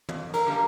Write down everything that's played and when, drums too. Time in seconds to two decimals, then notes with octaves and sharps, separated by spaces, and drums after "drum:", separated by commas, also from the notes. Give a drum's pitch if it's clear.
0.09 F2, drum: tom
0.34 A#4, drum: cymbal
0.46 D3 G3 A#3